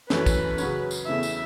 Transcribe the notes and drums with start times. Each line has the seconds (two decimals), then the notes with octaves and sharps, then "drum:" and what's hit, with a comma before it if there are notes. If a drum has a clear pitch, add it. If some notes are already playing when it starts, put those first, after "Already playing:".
0.10 F#2 E3 A3 C#4 B4, drum: snare
0.26 drum: kick, tambourine
0.58 C#3 F#3 C#4, drum: tambourine
0.91 drum: tambourine
1.07 E2 C#3 A3 E4 E5
1.23 drum: tambourine